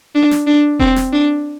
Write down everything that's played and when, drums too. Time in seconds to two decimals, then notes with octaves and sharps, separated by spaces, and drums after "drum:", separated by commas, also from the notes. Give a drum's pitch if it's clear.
0.15 D4
0.31 drum: snare
0.47 D4
0.79 C4, drum: kick E1
0.96 drum: snare
1.13 D4